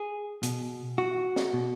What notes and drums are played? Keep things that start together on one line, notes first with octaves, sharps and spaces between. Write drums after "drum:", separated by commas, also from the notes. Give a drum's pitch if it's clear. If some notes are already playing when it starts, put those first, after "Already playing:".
Already playing: G#4
B2, drum: hi-hat
F#4
drum: snare
B2